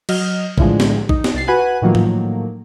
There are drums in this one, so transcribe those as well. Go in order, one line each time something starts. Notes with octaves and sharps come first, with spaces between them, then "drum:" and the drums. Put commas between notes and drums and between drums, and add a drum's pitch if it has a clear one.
F#3 D#5 F6, drum: cymbal
A2 D3 E3 F3 G#3, drum: kick A#1
drum: snare
D#4, drum: kick A#1
drum: snare
C2 A6 C7
F#4 B4 F#5 G#5 F#6 D#7
A2 D#3 F3 F#3 A#3
drum: tom